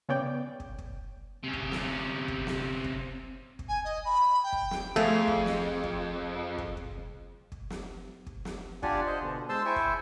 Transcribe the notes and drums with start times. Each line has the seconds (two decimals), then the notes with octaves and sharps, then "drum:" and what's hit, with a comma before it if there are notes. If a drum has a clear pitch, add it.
0.09 C#3 B3 C#4 D5 G5
0.60 drum: kick
0.78 drum: kick
1.44 C3 C#4
1.53 drum: kick
1.72 drum: snare
2.28 drum: kick
2.47 drum: snare
2.84 drum: kick
3.59 drum: kick
3.68 G#5
3.84 D#5
4.05 B5
4.43 G5
4.52 drum: kick
4.71 drum: snare
4.96 F2 A3 G#4 F5
5.27 drum: kick
5.46 drum: snare
5.83 drum: kick
6.58 drum: kick
6.77 drum: kick
7.52 drum: kick
7.70 drum: snare
8.27 drum: kick
8.45 drum: snare
8.83 D4 F4 G4 D5 F#5 G#5, drum: kick
9.07 C5 D#5
9.22 B2 D3
9.49 G#3 C5 A5 C6 E6
9.65 E4 C5 E5 G5 G#5 C#6
9.76 drum: kick